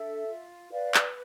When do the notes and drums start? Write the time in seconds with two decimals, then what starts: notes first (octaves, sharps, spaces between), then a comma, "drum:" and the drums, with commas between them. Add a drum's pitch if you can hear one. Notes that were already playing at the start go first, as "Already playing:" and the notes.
Already playing: D4 A4 E5
0.26 F4
0.71 B4 D5 F5
0.94 drum: clap